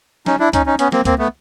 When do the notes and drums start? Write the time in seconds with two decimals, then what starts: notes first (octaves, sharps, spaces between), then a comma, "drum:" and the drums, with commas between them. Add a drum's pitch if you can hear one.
0.26 C#4 D#4, drum: snare
0.40 D4 E4
0.53 C#4 D#4, drum: kick, hi-hat
0.66 C#4 D#4
0.79 B3 C#4, drum: hi-hat
0.92 A#3 C4, drum: snare
1.05 A#3 C4, drum: kick, hi-hat
1.19 A3 B3